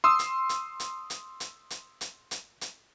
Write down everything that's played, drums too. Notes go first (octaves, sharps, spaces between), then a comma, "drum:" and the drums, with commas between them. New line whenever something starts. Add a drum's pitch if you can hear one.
C6 D#6 E6
drum: hi-hat
drum: hi-hat
drum: hi-hat
drum: hi-hat
drum: hi-hat
drum: hi-hat
drum: hi-hat
drum: hi-hat
drum: hi-hat